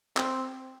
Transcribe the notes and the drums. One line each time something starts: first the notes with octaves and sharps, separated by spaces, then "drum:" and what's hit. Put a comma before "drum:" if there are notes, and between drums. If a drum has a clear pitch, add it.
C4, drum: clap